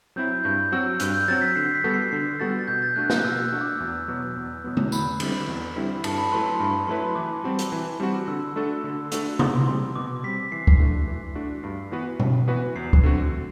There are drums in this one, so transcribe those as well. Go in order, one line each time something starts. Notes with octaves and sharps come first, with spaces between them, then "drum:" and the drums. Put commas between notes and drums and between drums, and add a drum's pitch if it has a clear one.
F#3 C4 E4 G6
G2 G6
F#3 C4 F#4 E6
G2 F#6, drum: hi-hat
G6
F#3 C4 F#4 A6
B6
D3 C7
B6
G3 B3 F#4 A4
C7
D3 C7
G3 B3 F#4 A4 A6
A6
B2 G6
A6
A3 D4 F#4 F#6
F#6, drum: snare
B2 E6
F#6
A3 D4 F#4
D6
E2
B2 F#3 B3
E2
B2 F#3 B3
drum: tom D3
E2 B5, drum: tambourine
D3 G3 C4 E4, drum: cymbal
E2
D3 G3 C4 E4
G2 A5, drum: cymbal
B5
F#3 A3 E4 B4 C6
C6
G2 B5
F#3 A3 E4 B4 C6
E3 D6
G3 C4 F#4
drum: hi-hat
E3
G3 C4 F#4
D3 E6
A3 D4 F#4 A4
D3
A3 D4 F#4 A4, drum: hi-hat
B2 C6, drum: tom C3
G3 C4 C6
B2 D6
G3 C4 B6
E3 C7
drum: kick C#2
A3 D4 F#4
E3
A3 D4 F#4
G2 C7
E3 B3 F#4 B4
G2, drum: tom B2
E3 B3 F#4 B4
E2 C7
drum: kick C#2
D3 A3 C4 F#4